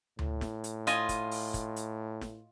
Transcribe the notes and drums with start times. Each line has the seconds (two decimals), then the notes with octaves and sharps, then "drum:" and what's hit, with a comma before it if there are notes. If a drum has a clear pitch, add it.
0.19 A2, drum: tom D2
0.41 drum: snare
0.64 drum: hi-hat
0.87 F4 D#5 G#5, drum: hi-hat
1.09 drum: kick, hi-hat
1.31 drum: open hi-hat
1.54 drum: kick, hi-hat
1.76 drum: hi-hat
2.21 drum: snare